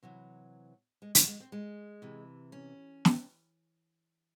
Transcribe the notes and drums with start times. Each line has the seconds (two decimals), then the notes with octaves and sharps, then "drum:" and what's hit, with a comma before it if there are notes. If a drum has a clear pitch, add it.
0.03 C3 E3 F#3
1.02 G#3
1.15 F#3, drum: hi-hat
1.27 G#3
1.40 C4
1.52 G#3
2.02 C3 E3
2.52 C#4
3.05 drum: snare